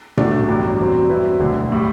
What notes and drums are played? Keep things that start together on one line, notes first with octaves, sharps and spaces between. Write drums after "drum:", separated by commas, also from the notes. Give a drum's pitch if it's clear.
C2 B2 A3 D4, drum: tom A2
A1 G2 F#3
E2 B2 F#3 C4
G2 F#3 C4 E4 B4
E1 D2 D3
A2 G3